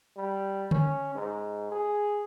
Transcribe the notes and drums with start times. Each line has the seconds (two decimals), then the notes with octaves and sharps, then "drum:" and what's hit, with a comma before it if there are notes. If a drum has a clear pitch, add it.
0.17 G3
0.71 C#4, drum: tom D3
1.15 G#2
1.71 G#4